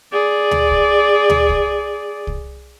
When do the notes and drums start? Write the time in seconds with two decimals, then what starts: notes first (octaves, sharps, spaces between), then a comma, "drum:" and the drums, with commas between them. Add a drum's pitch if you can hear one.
0.12 G#4 D5
0.51 drum: tom D2
0.71 drum: kick C2
1.30 drum: tom D2
1.49 drum: kick C2
2.27 drum: kick C2